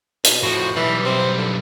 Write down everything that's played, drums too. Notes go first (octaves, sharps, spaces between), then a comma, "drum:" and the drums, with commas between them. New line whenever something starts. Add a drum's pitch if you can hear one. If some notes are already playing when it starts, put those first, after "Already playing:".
B2, drum: hi-hat
A2 F3 F#4
B1 E3 G3
C4
D3